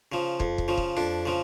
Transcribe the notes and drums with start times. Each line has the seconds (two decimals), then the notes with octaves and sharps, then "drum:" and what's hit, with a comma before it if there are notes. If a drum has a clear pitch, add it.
0.12 C#3 F3
0.40 F2, drum: kick
0.58 drum: kick
0.68 C#3 F3
0.78 drum: kick
0.97 F2 D4
1.26 C#3 F3